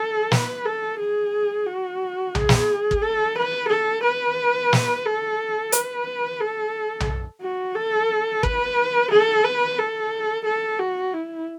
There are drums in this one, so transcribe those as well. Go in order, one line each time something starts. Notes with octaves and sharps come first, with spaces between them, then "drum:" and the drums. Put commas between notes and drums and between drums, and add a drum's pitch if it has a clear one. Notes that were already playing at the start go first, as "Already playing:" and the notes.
Already playing: A4
B4, drum: snare
A4
G#4
F#4
G#4, drum: tom B1
drum: snare
drum: kick
A4
B4
A4
B4
drum: snare
A4
B4, drum: hi-hat
A4
drum: tom B1
F#4
A4
B4, drum: kick
A4
B4
A4
A4
F#4
E4